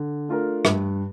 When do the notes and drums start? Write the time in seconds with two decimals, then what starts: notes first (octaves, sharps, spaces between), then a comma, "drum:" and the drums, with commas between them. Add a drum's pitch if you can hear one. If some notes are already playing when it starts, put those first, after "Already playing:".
Already playing: D3
0.29 A3 D4 F4 A#4
0.65 G2, drum: rim click